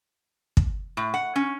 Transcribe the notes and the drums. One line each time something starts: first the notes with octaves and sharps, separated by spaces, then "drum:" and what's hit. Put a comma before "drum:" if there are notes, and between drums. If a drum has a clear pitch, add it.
drum: kick
A2
F#5
C#4